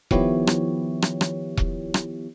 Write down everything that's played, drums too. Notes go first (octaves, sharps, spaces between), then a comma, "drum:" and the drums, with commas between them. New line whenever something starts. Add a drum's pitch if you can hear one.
D#3 F3 B3 E4 G4 C#5, drum: kick E1
drum: rim click
drum: rim click
drum: rim click
drum: kick E1
drum: rim click